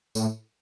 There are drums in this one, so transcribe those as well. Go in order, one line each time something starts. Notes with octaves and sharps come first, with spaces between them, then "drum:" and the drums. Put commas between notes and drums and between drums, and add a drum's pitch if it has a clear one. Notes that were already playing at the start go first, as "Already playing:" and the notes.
A2, drum: tambourine